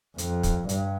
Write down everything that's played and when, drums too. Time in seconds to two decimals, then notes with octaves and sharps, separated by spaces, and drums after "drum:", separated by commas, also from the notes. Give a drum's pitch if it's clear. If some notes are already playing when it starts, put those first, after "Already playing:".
0.18 F2, drum: hi-hat
0.43 drum: kick, hi-hat
0.69 G2, drum: hi-hat